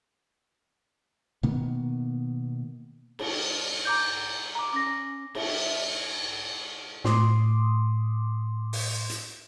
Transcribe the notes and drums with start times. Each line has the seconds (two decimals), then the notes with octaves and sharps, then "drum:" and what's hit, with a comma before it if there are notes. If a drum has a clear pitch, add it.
1.43 B2 D#3 A#3 B3
3.19 drum: cymbal
3.85 A#5 D6 G6
4.55 A#5 D6
4.73 C#4 D6 A#6
5.35 E5, drum: cymbal
7.04 A2 C6 D6 D#6, drum: snare
8.73 drum: open hi-hat
9.10 drum: hi-hat